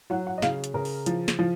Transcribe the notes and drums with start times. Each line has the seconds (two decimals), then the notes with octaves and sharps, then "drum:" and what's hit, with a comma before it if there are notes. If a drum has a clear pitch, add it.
0.10 F#3 F#5
0.27 F#5
0.38 D#5
0.42 C#3 F5, drum: snare
0.64 drum: hi-hat
0.74 C#3 A#4
0.85 drum: open hi-hat
1.06 F3, drum: hi-hat
1.28 drum: snare
1.39 F3